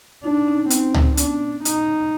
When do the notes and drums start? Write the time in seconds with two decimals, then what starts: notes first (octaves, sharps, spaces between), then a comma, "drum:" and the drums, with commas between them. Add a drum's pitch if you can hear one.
0.24 D4 D#4 F4
0.48 C#4 D#4
0.70 C4 C#4 D#4, drum: hi-hat
0.94 drum: tom C#2
1.17 B3 C#4 D4, drum: hi-hat
1.65 D#4, drum: hi-hat